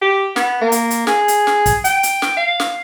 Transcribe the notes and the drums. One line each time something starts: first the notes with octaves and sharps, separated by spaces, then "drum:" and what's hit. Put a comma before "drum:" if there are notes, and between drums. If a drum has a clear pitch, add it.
G4
B3, drum: snare
A#3
drum: hi-hat
drum: hi-hat
G#4, drum: snare
drum: hi-hat
drum: snare
drum: kick, hi-hat
G5, drum: hi-hat
drum: hi-hat
drum: snare
F5
drum: snare